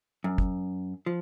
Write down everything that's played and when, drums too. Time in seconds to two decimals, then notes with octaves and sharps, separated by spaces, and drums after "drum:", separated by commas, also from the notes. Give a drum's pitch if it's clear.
0.24 F#2
0.38 drum: kick
1.06 F3